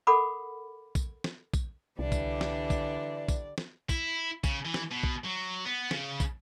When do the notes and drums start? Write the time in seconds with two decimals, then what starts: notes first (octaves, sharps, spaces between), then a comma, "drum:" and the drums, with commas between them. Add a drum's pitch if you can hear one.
0.07 A4 A#4 F#5 B5 D6
0.95 drum: kick, tambourine
1.24 drum: snare
1.54 drum: kick, tambourine
1.99 C2 D3 E3 G3 D4 D5
2.12 drum: kick, tambourine
2.41 drum: snare
2.70 drum: kick, tambourine
3.29 drum: kick, tambourine
3.58 drum: snare
3.89 E4, drum: kick, tambourine
4.44 C#3, drum: kick, tambourine
4.65 E3
4.74 drum: snare
4.91 B2
5.03 drum: kick
5.24 F#3
5.66 B3
5.91 C#3, drum: snare
6.20 drum: kick, tambourine